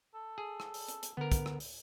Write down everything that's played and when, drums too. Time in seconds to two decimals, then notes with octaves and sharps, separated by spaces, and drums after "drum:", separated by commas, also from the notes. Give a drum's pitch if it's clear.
0.15 A4
0.38 G#4
0.60 drum: rim click
0.74 drum: open hi-hat
0.88 drum: hi-hat
1.03 drum: hi-hat
1.17 D3 B3 A#4
1.32 drum: kick, hi-hat
1.46 drum: rim click
1.60 drum: open hi-hat